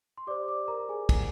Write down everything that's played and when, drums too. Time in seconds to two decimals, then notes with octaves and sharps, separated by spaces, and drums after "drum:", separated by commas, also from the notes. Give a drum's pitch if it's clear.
0.18 C6
0.27 G4 C5 D5 D6
0.48 D5 D6
0.68 A#4 A#5
0.89 G#4 G#5
1.09 G#4 G#5, drum: kick, cymbal